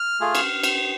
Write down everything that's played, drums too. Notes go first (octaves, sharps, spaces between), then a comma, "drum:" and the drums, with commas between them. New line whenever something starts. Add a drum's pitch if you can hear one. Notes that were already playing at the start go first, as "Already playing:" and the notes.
Already playing: F6
A3 F4 G#4
drum: cymbal
drum: cymbal